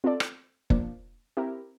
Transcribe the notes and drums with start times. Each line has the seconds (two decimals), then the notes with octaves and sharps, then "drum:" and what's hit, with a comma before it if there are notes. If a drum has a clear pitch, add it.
0.04 C4 F4 A4 D5
0.20 drum: rim click
0.70 F3 A#3 D4, drum: kick F#1
1.37 C4 E4 G4 A#4